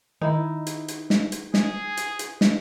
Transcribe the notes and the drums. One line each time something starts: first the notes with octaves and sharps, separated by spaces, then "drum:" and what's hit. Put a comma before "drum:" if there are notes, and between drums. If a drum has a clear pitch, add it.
D#3 D#4 E4
drum: hi-hat
drum: hi-hat
drum: snare
drum: hi-hat
G#4, drum: snare
drum: hi-hat
drum: hi-hat
drum: snare